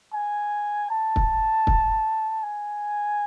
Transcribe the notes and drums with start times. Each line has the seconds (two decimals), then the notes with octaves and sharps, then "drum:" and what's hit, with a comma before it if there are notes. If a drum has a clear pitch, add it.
0.14 G#5
0.90 A5
1.16 drum: kick
1.67 drum: kick
2.43 G#5